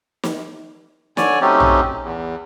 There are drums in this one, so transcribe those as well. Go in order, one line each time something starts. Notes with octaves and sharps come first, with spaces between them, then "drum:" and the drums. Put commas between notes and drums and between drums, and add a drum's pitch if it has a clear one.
drum: snare
D3 C#5 D5 G#5, drum: snare
F#3 A3 C4 C#4 D#4 G4
drum: tom A#1
E2